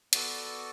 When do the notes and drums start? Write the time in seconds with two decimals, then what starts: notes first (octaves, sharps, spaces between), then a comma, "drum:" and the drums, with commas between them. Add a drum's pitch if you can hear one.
0.13 B3 F#4 A4 D5, drum: hi-hat